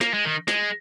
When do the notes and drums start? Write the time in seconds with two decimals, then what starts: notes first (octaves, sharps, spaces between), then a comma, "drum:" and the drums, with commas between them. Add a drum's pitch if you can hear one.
0.01 A#3, drum: snare
0.14 G#3
0.25 D#3
0.48 G#3, drum: snare